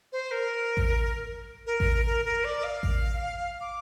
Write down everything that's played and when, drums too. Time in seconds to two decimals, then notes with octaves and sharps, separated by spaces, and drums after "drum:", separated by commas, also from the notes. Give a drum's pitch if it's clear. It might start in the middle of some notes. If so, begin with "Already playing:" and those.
0.12 C5
0.31 A#4
0.77 drum: kick A1
1.67 A#4
1.80 drum: kick A1
2.06 A#4
2.25 A#4
2.44 D5
2.64 F5
2.83 drum: kick A1
3.60 D6